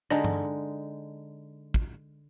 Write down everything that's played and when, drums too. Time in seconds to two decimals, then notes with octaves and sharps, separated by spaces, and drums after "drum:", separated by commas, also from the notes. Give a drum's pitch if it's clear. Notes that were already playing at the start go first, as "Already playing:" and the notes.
0.10 D3 G#3 D#4, drum: rim click
0.24 drum: tom G2
1.74 drum: kick